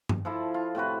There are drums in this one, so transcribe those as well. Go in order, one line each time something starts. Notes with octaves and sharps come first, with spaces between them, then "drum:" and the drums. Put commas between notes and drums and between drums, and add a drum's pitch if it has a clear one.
drum: tom G2
F3 E4 A4
F4
A2 C3 F#4 B4